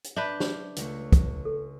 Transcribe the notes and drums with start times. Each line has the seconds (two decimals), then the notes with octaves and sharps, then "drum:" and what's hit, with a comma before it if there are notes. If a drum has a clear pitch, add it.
0.04 drum: hi-hat
0.16 D4 B4 E5 G6
0.40 drum: snare
0.76 C#2 A3, drum: hi-hat
1.12 drum: kick, hi-hat
1.45 A4